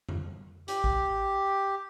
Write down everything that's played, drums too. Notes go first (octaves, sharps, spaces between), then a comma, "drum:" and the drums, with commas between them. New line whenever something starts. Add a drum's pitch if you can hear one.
drum: tom F2
G4, drum: hi-hat
drum: kick G#1